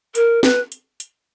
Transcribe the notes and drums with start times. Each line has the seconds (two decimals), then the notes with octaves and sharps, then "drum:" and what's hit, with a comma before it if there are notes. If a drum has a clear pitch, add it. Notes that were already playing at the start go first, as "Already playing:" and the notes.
0.15 A#4, drum: hi-hat
0.43 B4, drum: snare
0.72 drum: hi-hat
1.00 drum: hi-hat